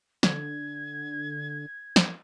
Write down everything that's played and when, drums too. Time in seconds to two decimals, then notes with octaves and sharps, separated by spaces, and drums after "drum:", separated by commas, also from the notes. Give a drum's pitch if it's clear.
0.23 D3 G#6, drum: snare
1.96 drum: snare